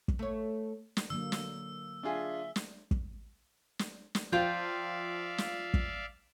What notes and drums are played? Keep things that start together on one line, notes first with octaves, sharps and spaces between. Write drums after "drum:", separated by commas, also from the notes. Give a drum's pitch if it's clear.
drum: kick
A3 C#5
drum: snare
D3 F#3 A#3 E6
drum: snare
D4 F4 G#4 E5
drum: snare
drum: kick
drum: snare
drum: snare
F3 F4 D5 E5 F5 G5
drum: snare
drum: kick